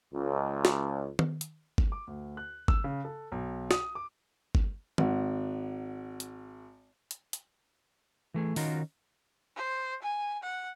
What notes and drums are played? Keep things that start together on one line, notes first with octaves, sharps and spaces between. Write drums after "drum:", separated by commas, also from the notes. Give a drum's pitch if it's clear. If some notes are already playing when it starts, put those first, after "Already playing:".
C#2
drum: snare
drum: tom D#3
drum: hi-hat
drum: kick
D6
D2
F#6
E6, drum: kick
C#3
A4
B1
D#6, drum: snare
D6
drum: kick
G#1 F#5, drum: tom D#3
drum: hi-hat
drum: hi-hat
drum: hi-hat
E3 A3 G#4
D#3 C#4 D#4 F4 F#4 A#4, drum: open hi-hat
C5
G#5
F#5